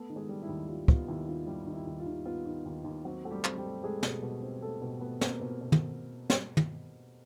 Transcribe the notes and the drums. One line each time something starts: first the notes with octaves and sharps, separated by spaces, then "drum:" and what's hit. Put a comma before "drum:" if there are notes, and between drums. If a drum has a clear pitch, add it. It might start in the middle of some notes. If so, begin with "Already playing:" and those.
Already playing: A3 B3 A4
D#3
G#3 G#4
G3
E4
D#2
G3 F4
B3 F4, drum: kick
D#2 E4
D#3 F4
G3 E4
D#3
E4
D#2
F4
D#3
B3 F4
D#3
D#2
D#2
F#3 C4 F#4
A3 F#4
G3 G4
C4, drum: clap
G3 G4
A3
G#3 A3 G#4
B2, drum: snare
B2
C4
A3 A4
B2
A3 B3 B4
A#3 C4 A#4, drum: snare
B2
B2
drum: tom
drum: snare
drum: tom